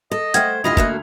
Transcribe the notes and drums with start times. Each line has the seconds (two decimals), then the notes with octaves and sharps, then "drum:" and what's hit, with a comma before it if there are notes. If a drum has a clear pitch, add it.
0.11 A4 D#5
0.34 A3 C5 F#5 G5 F6 G#6, drum: hi-hat
0.64 D2 E4 F4 G4 D#5 B5 F7
0.77 A3 A#3 F#4, drum: kick